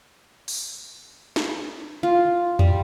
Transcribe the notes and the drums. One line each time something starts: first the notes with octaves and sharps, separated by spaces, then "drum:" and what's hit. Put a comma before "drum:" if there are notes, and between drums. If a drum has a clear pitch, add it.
drum: open hi-hat
drum: snare
F4
G3, drum: tom E2